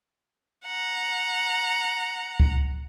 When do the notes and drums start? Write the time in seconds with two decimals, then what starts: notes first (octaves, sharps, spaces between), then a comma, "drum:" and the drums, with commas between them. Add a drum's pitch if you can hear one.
0.65 F#5 A#5
2.40 drum: kick C#2